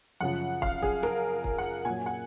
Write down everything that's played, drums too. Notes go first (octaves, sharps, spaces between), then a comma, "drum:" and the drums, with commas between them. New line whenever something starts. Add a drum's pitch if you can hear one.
F#2 C#3 F3 F#5
F5, drum: kick
G#4, drum: kick
A#4, drum: snare
drum: kick
F#5
A#2 F#3 G#5
F#5